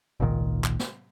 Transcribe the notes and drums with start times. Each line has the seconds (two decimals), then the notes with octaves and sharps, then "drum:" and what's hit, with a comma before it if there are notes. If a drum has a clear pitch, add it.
0.20 G#1 C#2 A#2 D#3
0.64 drum: clap
0.79 drum: snare